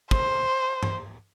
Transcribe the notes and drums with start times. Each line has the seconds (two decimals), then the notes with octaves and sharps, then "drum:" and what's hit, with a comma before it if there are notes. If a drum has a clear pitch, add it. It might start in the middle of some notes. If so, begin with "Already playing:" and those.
0.11 C5, drum: kick
0.83 drum: tom G2